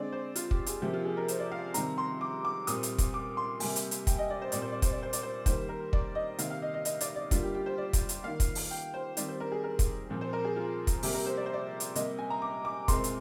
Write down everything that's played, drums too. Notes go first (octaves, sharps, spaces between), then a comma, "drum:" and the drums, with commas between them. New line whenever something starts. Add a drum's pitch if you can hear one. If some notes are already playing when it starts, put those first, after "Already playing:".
Already playing: D3 G#3 C4 D5
C5
F4, drum: hi-hat
G4, drum: kick
G#4, drum: hi-hat
C3 F3 A#3 G4
F4
G#4
A#4
C5, drum: hi-hat
D5
F5
C3 D#3 G3 C4 A#5, drum: hi-hat
C6
D6
D6
A#2 G3 C4 D#6, drum: hi-hat
drum: hi-hat
drum: kick, hi-hat
D6
C6
C3 G3 A#3 G#5, drum: open hi-hat
drum: hi-hat
drum: hi-hat
G5, drum: kick, hi-hat
D#5
D5
C5
A#2 G3 C4 D5, drum: hi-hat
C5
D5
C5, drum: kick, hi-hat
D5
C5
D5, drum: hi-hat
C5
D#3 G3 A#3 C5, drum: kick, hi-hat
A#4
D5, drum: kick
D#5
C3 D#3 A#3 F5, drum: hi-hat
F5
D#5
D#5
D#5, drum: hi-hat
D5, drum: hi-hat
D5
D3 G3 A#3 F4, drum: kick, hi-hat
G4
G4
C5
D5
drum: kick, hi-hat
drum: hi-hat
D#3 A#3 F5
drum: kick, hi-hat
drum: open hi-hat
G5
C5
D#3 G3 C4 D5, drum: hi-hat
C5
A#4
G#4
A#4
drum: kick, hi-hat
A#2 F3 C4
C5
A#4
G#4
F4
drum: kick, hi-hat
C3 G3 A#3 G4, drum: open hi-hat
A#4
C5
D5
C5
D5
drum: hi-hat
C3 G3 A#3 D#5, drum: hi-hat
G#5
A#5
D6
D6
A#2 G#3 C4 C6, drum: kick, hi-hat
drum: hi-hat